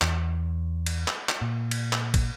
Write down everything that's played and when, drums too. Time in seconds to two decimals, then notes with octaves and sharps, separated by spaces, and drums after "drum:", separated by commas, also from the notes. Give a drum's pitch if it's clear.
0.02 E2, drum: clap
0.86 drum: cymbal
1.08 drum: clap
1.29 drum: clap
1.42 A#2
1.71 drum: cymbal
1.93 drum: clap
2.14 drum: kick, cymbal